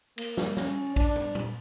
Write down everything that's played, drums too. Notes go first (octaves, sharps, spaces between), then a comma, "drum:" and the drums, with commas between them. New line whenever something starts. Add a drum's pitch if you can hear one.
A#3, drum: cymbal
drum: snare
C#4, drum: snare
D4, drum: kick A#1, cymbal
drum: tom
drum: tom